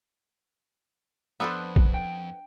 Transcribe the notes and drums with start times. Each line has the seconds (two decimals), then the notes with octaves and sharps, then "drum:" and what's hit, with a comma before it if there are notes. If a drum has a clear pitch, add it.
1.40 F2 B3 D4 A4 B4 C5 E5
1.76 drum: kick
1.94 G5